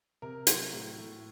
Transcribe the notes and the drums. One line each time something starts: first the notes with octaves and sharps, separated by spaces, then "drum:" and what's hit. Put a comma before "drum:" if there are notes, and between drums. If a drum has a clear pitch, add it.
C3 A#4
F#3, drum: hi-hat
A2
A2